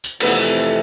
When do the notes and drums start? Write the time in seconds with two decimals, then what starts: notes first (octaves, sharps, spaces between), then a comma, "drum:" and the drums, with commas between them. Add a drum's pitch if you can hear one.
0.04 drum: tambourine
0.20 F2 C3 E3 A3 B3, drum: cymbal